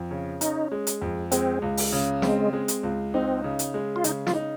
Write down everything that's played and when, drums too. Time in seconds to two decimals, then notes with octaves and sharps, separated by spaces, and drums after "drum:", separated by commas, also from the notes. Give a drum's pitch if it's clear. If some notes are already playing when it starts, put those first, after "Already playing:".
Already playing: F2
0.11 C#3
0.41 C#4 D#4, drum: hi-hat
0.72 G#3
0.87 drum: hi-hat
1.02 F2
1.32 G#3 C4, drum: hi-hat
1.62 C#2
1.77 drum: open hi-hat
1.93 C#3
2.22 G#3 C4, drum: snare
2.53 G#3
2.68 drum: hi-hat
2.83 C#2
3.14 C4 D#4
3.44 C#3
3.59 drum: hi-hat
3.74 G#3
3.96 F4
4.04 C#3 D#4, drum: hi-hat
4.27 F4, drum: snare
4.35 D#4